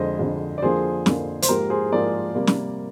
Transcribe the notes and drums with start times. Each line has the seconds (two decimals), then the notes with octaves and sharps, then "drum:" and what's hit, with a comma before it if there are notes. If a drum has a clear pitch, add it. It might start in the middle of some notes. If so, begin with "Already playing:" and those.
Already playing: F2 D3 G#3 C5 D#5
0.19 F2 D3 G#3
0.58 D5
0.62 F2 D3 F3 A#3 G#4 C5
1.06 F2 D3 F3 A#3, drum: snare
1.42 C5, drum: hi-hat
1.49 G#2 F3 A#3 G4 A#4
1.70 G#4 C5
1.92 G#2 F3 A#3 A#4 D5
2.35 C3 G3 A#3
2.47 drum: snare